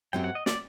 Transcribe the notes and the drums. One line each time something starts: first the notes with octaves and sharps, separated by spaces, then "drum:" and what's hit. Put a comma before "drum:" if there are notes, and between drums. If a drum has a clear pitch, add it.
F#2 F#3 C4 G4 G5
F#5
D#5
D5, drum: snare